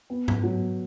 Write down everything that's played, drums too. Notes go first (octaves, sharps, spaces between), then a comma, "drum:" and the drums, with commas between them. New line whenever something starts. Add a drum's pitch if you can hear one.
B3
drum: tom G#2
F#3